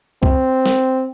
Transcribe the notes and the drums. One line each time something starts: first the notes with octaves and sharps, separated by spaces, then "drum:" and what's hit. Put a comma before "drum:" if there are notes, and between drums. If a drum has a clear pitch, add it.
C4, drum: kick
drum: snare